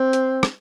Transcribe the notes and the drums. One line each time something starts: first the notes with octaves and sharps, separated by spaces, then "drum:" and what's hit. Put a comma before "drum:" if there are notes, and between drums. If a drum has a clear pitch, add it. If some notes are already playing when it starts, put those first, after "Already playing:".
Already playing: C4
drum: hi-hat
drum: rim click